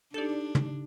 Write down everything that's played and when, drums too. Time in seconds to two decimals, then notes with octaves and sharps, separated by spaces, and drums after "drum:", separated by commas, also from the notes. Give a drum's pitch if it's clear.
0.14 D4 D#4 G4 A4 D5 A5
0.55 drum: tom